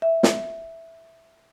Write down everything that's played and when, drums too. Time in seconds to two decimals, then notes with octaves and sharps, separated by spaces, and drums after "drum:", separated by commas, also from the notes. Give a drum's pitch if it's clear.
0.02 E5
0.23 drum: snare